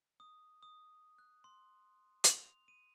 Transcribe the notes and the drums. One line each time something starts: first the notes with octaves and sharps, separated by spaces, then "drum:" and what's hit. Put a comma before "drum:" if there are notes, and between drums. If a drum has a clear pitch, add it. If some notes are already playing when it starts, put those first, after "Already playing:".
D#6
D#6
F#6
C6
F7, drum: hi-hat
D#7